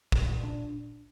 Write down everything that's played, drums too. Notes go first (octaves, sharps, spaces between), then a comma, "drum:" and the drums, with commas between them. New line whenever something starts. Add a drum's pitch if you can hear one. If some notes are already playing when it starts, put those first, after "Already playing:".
A#2, drum: kick
A#2
D4